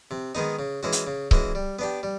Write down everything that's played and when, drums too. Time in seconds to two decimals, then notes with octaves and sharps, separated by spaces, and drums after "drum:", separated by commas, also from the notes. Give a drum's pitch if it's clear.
0.11 C3
0.35 D#3 G#3 B3 D#4
0.59 C#3
0.83 E3 G#3 C#4 F#4
0.92 drum: hi-hat
1.07 C#3
1.31 E3 G#3 C#4 F#4, drum: kick C#1
1.55 G3
1.79 B3 D4 G4
2.03 G3